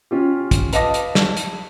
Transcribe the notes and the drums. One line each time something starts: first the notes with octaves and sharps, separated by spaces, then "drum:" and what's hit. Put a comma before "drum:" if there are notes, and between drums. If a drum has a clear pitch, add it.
C#4 F4 G4
drum: kick, hi-hat
B4 D#5 F5 A5 D6 A#6, drum: hi-hat
drum: hi-hat
drum: snare
drum: hi-hat